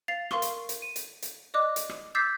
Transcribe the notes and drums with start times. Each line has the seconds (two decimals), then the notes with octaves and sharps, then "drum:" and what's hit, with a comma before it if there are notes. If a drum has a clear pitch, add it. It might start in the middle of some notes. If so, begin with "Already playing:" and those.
0.08 F5 A6 C7 F7
0.31 A#4 F5 C6 C#6 G7, drum: rim click
0.42 drum: hi-hat
0.69 drum: hi-hat
0.82 D#7
0.96 drum: hi-hat
1.22 drum: hi-hat
1.54 D5 D#5 D6 F#6
1.76 drum: hi-hat
1.89 drum: rim click
2.15 D6 E6 G6 A6 B6 C7